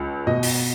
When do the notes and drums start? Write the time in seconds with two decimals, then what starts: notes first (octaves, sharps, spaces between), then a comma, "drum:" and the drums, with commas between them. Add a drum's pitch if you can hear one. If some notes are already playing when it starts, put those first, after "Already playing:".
Already playing: C#2
0.27 B2 D#5
0.43 drum: open hi-hat